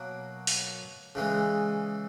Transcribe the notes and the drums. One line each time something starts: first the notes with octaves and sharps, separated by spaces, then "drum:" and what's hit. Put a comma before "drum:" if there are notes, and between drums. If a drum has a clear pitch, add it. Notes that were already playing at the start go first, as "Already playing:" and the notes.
Already playing: B2 F#3 A#3
drum: open hi-hat
C#3 E3 G#3